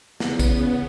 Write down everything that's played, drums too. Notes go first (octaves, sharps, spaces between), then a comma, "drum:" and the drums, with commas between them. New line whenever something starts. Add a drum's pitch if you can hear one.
E2 C#3 B3, drum: snare
drum: kick A#1, tambourine